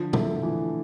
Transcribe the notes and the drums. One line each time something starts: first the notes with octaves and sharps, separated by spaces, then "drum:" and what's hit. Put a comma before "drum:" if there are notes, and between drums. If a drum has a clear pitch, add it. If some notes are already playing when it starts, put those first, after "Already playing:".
Already playing: D3 F3
A3 E4, drum: tom
E3 F3